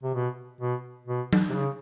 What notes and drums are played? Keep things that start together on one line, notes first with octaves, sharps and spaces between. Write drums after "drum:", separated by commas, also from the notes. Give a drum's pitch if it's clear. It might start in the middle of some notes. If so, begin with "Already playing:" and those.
C3
B2
B2
B2
drum: tom F#3
C3
C#3